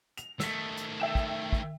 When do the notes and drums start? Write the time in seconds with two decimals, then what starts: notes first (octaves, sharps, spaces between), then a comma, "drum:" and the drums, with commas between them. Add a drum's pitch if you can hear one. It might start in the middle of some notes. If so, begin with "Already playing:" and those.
0.17 F7, drum: hi-hat
0.40 D#3 A3 E6 B6, drum: snare
0.77 drum: hi-hat
1.00 E5 G5 E7
1.15 drum: kick
1.53 drum: kick